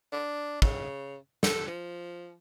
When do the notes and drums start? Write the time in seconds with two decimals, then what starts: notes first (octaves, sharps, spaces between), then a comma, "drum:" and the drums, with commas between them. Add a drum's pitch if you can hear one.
0.12 D4
0.62 C#3, drum: kick
1.43 A4, drum: snare
1.68 F3